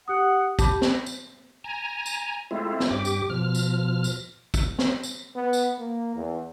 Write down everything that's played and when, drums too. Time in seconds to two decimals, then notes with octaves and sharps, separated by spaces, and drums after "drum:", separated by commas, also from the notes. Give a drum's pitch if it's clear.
0.08 G4 F#5 D#6
0.59 G4 A5 B5, drum: kick, tambourine
0.82 drum: snare
1.06 drum: tambourine
1.64 G#5 A#5
2.06 drum: tambourine
2.51 G#3 A3 C4 E4 F4
2.80 drum: snare
2.91 G2 G4 D6
3.05 drum: tambourine
3.30 B2 F3 F6
3.55 drum: tambourine
4.04 drum: tambourine
4.54 drum: kick, tambourine
4.79 drum: snare
5.03 drum: tambourine
5.35 B3
5.53 drum: tambourine
5.79 A#3
6.15 E2